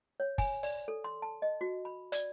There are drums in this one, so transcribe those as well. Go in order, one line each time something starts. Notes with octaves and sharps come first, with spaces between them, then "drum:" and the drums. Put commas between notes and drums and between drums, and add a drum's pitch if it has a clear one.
C#5
G#5, drum: kick, open hi-hat
D5, drum: open hi-hat
A4
C6
A5
D#5
F#4
B5
D5, drum: hi-hat